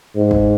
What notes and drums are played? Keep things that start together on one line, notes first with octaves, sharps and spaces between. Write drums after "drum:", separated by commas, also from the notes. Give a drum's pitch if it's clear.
G#2
drum: kick G1